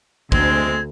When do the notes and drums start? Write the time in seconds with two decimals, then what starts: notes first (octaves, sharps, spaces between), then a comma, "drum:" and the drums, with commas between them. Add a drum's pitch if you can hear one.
0.32 D2 G#3 C4 G#6, drum: kick